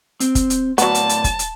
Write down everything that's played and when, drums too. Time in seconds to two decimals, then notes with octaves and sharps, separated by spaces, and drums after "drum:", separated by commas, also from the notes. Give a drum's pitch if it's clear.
0.20 C4, drum: hi-hat
0.35 drum: kick, hi-hat
0.50 drum: hi-hat
0.78 A2 F#3 B3 D5 A5, drum: hi-hat
0.95 drum: hi-hat
1.09 drum: hi-hat
1.24 drum: kick, hi-hat
1.39 drum: hi-hat